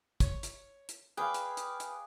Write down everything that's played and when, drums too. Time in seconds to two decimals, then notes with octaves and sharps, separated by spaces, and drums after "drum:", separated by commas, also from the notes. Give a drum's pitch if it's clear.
0.20 C#5, drum: kick, hi-hat
0.43 drum: hi-hat
0.89 drum: hi-hat
1.17 G#4 B4 D5 F5 G5
1.34 drum: hi-hat
1.57 drum: hi-hat
1.80 drum: hi-hat